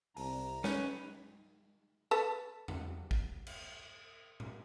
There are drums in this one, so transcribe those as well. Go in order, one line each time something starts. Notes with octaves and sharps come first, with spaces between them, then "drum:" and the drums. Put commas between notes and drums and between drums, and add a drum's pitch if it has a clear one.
C2 A5 A#5, drum: open hi-hat
C#4 B4 C#5, drum: snare
A4 B4 A5
drum: tom E2
drum: kick
drum: cymbal
drum: tom A#2